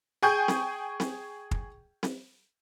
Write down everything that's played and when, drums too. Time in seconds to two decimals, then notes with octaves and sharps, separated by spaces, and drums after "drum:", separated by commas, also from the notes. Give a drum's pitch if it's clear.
0.23 G#4 G5 G#5 C#6 G6
0.48 drum: snare C4
1.00 drum: snare C4
1.51 drum: kick
2.03 drum: snare C4